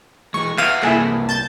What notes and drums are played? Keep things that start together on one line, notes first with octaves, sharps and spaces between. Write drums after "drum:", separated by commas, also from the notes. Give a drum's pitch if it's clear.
E3 G#3 C#6
B3 E5 F5 D#7, drum: clap
C2 A#3 E4 G#4 A4, drum: clap
A5 G6 A6